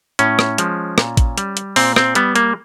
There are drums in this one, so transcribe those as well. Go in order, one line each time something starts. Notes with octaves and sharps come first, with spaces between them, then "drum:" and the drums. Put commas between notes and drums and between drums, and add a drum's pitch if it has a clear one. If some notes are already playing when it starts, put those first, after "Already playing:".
A2 C#4, drum: hi-hat
drum: rim click
F3 G#3, drum: hi-hat
A#2, drum: rim click
drum: kick A1, hi-hat
G3, drum: hi-hat
drum: hi-hat
A#2 C4, drum: open hi-hat
C4, drum: rim click
G3 B3, drum: hi-hat
A#3, drum: hi-hat